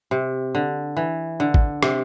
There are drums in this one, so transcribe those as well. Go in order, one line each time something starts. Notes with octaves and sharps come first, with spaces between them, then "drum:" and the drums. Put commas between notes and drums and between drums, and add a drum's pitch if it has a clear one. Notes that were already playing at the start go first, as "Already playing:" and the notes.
C3
D3
E3
D3
drum: kick
C3, drum: rim click